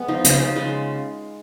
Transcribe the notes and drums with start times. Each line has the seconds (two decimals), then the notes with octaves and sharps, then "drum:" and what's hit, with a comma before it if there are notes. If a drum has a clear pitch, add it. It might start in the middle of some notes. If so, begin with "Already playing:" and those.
Already playing: G#3 B3
0.08 F3 D#4
0.24 C#3 F4, drum: hi-hat
0.40 C#3
0.56 G#3 F4